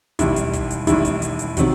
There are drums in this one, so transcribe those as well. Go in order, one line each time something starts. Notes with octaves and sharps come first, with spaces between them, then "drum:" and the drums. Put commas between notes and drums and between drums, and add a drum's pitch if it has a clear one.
E1 D#2 D#3 G3 E4, drum: kick, hi-hat
drum: hi-hat
drum: kick, hi-hat
drum: hi-hat
E1 D#2 D#3 G3 E4, drum: kick, hi-hat
drum: hi-hat
drum: hi-hat
drum: hi-hat
C3 D#3 F#3, drum: kick, hi-hat